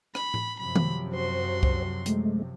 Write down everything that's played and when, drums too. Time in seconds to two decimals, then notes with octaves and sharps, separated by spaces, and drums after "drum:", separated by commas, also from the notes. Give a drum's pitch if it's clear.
0.15 B5, drum: rim click
0.34 drum: tom A2
0.59 F#2 C3 F3 B5
0.76 drum: tom D#3
1.13 F#4 C5 C6
1.63 drum: kick C2
2.06 G#3 A3, drum: hi-hat